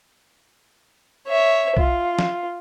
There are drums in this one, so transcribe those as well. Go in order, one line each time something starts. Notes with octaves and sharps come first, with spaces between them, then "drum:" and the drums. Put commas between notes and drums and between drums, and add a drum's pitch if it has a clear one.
C#5 E5
F4, drum: kick B1
drum: snare